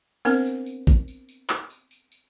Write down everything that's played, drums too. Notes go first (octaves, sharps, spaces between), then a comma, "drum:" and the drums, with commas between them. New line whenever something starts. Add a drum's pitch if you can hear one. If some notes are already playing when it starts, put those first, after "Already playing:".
B3 C4 D4 A#4 C5, drum: tambourine
drum: tambourine
drum: tambourine
drum: kick A1, tambourine
drum: tambourine
drum: tambourine
drum: clap
drum: tambourine
drum: tambourine
drum: tambourine